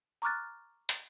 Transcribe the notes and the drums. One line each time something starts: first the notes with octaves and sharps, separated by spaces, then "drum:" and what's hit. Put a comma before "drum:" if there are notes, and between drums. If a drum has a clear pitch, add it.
A#5 C#6 D6 F6 F#6 A6
drum: hi-hat